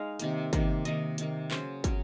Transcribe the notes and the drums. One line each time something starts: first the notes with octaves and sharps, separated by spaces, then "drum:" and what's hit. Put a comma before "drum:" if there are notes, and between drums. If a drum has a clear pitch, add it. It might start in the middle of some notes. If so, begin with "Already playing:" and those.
Already playing: G#3 D#4 F5
C3 D#3 A#3, drum: hi-hat
C3 D#3 A#3, drum: kick, hi-hat
C3 D#3 A#3 D#5, drum: hi-hat
C3 D#3 A#3, drum: hi-hat
C#3 F#3 C#4 C5, drum: clap
C#3 F#3 C#4 C#5, drum: kick, hi-hat